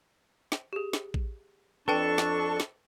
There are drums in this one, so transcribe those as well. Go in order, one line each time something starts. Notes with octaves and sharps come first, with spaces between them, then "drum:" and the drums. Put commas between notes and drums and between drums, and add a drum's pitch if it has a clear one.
drum: snare
G4 G#4
drum: snare
drum: kick A1
F2 D4 A4 B4 G5 A5 C#6
drum: snare
drum: snare